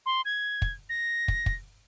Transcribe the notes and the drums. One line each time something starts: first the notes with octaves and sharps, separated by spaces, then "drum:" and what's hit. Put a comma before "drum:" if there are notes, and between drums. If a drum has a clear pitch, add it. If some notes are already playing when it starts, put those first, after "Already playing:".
C6
G#6
drum: kick
A#6
drum: kick
drum: kick